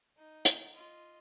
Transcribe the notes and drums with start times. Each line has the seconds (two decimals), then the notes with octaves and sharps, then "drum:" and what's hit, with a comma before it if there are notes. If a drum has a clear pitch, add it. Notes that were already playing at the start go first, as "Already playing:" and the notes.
0.18 D#4
0.45 drum: hi-hat
0.73 F4 D#5